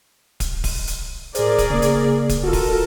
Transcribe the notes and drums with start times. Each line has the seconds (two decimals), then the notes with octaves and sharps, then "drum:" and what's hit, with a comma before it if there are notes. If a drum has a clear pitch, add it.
0.40 drum: kick D1, hi-hat
0.64 drum: kick D1, open hi-hat
0.87 drum: hi-hat
1.35 A2 G#4 A#4 C5 D5, drum: hi-hat
1.58 drum: kick D1, hi-hat
1.70 C#3 A#3
1.82 drum: hi-hat
2.29 drum: kick D1, hi-hat
2.44 F4 F#4 A4 A#4
2.53 drum: kick D1, open hi-hat